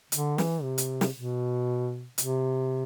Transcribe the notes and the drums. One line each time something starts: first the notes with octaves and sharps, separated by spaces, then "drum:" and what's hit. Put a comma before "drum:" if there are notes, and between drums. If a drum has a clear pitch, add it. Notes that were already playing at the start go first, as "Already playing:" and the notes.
D3, drum: hi-hat
E3, drum: snare
C3
drum: hi-hat
drum: snare
B2
C3, drum: hi-hat